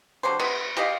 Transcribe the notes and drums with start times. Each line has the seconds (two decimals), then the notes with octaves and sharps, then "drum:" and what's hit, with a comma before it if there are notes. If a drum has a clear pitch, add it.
0.23 D3 F#3 G4 C5
0.40 B3 E5, drum: cymbal
0.77 G4 D5 D#5 F5, drum: hi-hat